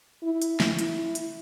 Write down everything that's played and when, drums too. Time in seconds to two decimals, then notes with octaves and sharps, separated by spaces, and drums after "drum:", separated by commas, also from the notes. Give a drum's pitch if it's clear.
0.23 E4
0.42 drum: hi-hat
0.60 drum: snare
0.79 E4, drum: hi-hat
1.15 drum: hi-hat